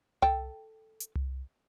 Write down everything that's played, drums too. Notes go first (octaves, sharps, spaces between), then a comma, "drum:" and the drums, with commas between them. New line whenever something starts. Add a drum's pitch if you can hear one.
A4 G5, drum: tom C2
drum: hi-hat
drum: tom C2